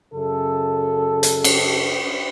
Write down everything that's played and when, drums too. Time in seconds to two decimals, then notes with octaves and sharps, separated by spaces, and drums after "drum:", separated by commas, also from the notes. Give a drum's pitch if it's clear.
0.15 F#2 C#3 A4
1.23 drum: hi-hat
1.44 drum: cymbal